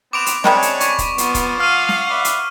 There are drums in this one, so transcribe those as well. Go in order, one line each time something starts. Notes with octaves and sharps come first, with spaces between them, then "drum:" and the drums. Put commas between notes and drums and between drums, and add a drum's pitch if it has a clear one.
B3 C4 D6 D7 F7
drum: hi-hat
C3 G3 G#3 C#4 D4 C#5, drum: snare
drum: hi-hat
B5 C#6, drum: hi-hat
drum: kick, hi-hat
F3 B3, drum: hi-hat
drum: kick, hi-hat
F5 F#5 F6 D#7
drum: snare
B4 D5 E5
drum: hi-hat